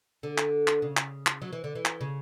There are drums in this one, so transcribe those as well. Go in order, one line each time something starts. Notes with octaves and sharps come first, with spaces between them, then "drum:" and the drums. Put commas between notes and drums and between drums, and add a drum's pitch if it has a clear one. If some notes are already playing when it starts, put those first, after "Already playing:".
D3
drum: clap
drum: clap
C#3
drum: clap
drum: clap
F#3
E3
D3
E3
drum: clap
C#3